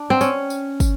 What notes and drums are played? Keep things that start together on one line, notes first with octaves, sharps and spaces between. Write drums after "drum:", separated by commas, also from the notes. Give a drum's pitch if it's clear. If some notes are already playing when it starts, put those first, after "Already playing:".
Already playing: D4
C4
C#4, drum: tambourine
drum: tambourine
drum: kick, tambourine